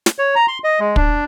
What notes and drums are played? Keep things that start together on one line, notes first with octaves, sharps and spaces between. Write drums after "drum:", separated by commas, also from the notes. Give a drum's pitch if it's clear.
drum: snare
C#5
A#5
C6
D#5
G#3
D4, drum: kick